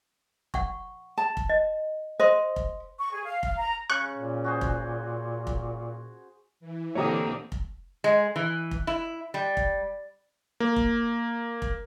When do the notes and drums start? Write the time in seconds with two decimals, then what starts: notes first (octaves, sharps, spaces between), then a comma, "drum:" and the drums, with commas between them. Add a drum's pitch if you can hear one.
0.54 F#5 C#6, drum: kick F1
1.18 A5
1.37 drum: kick F1
1.49 D#5
2.20 C5 D#5 C6
2.56 drum: kick F1
2.98 C#6
3.11 G#4
3.24 F5
3.43 F5, drum: kick F1
3.57 A#5
3.90 C#3 C#6 F#6
4.14 A#2
4.44 F#4 G#4 C5
4.61 drum: kick F1
5.47 drum: kick F1
6.60 E3
6.95 D3 A#3 C4 G4 C#5 E5 A#5 D#6
7.52 drum: kick F1
8.04 G#3
8.36 E3
8.71 drum: kick F1
8.87 E4
9.34 G3
9.57 drum: kick F1
10.60 A#3
10.76 drum: kick F1
11.62 drum: kick F1